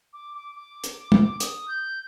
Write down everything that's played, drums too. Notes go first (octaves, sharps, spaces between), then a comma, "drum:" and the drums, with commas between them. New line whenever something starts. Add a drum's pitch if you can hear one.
D6
D6
D6
drum: hi-hat
drum: tom
D#6, drum: hi-hat
G6